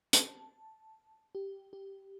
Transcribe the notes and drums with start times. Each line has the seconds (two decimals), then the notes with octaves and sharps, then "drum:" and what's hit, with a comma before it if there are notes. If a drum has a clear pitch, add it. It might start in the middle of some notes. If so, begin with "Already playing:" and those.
0.13 A5, drum: hi-hat
1.35 G4
1.73 G4